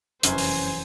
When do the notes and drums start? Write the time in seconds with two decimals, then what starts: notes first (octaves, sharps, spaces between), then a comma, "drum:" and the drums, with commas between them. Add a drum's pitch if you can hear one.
0.23 F1 F#2 E3 C5 G#5, drum: hi-hat
0.38 drum: open hi-hat